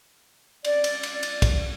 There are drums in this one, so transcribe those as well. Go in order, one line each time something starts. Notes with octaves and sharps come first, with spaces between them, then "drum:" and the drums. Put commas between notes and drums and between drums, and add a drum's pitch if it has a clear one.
D5, drum: cymbal
drum: cymbal
drum: cymbal
drum: cymbal
drum: kick, cymbal